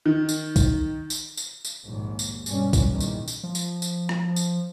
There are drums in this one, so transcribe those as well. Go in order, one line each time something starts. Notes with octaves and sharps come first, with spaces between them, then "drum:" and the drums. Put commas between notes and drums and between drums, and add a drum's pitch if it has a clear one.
D#3
drum: tambourine
drum: kick, tambourine
drum: tambourine
drum: tambourine
drum: tambourine
A#1 D#2 G#2
drum: tambourine
G2 B2 C#4, drum: tambourine
drum: kick, tambourine
E2 G2 A#2 D#3
drum: tambourine
drum: tambourine
F3
drum: tambourine
drum: tambourine
drum: rim click
drum: tambourine